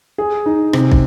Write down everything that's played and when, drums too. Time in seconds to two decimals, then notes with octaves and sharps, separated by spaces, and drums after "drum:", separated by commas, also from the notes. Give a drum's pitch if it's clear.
0.18 G#4
0.46 D#4
0.73 C3, drum: rim click
0.91 drum: kick